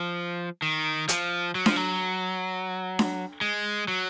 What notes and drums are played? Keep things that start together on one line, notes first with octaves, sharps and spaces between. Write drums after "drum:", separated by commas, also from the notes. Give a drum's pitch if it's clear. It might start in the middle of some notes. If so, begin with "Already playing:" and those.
Already playing: F3
D#3
F3, drum: hi-hat
F#3
F3, drum: snare D4
F#3
drum: snare D4
G#3
F#3